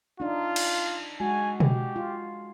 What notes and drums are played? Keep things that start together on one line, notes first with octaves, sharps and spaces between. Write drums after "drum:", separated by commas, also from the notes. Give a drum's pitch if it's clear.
D4 D#4 F4
drum: cymbal
G#3 F#4 G#5
G4, drum: tom B2
F4